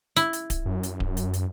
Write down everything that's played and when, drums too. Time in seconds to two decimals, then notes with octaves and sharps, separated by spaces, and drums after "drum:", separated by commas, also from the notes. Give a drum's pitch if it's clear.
0.16 E4, drum: hi-hat
0.33 drum: hi-hat
0.50 drum: kick D1, hi-hat
0.66 F#2
0.83 drum: hi-hat
1.00 drum: kick D1
1.17 drum: hi-hat
1.34 drum: hi-hat